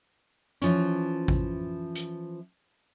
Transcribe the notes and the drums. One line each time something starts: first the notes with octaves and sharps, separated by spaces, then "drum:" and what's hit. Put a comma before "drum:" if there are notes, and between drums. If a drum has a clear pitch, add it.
E3 F3 C#4, drum: hi-hat
drum: kick A1
drum: hi-hat